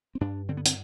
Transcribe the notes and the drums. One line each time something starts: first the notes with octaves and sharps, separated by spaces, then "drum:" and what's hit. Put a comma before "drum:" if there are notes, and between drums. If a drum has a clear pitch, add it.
C4
G2 D4
D3 C4
B3
C4, drum: hi-hat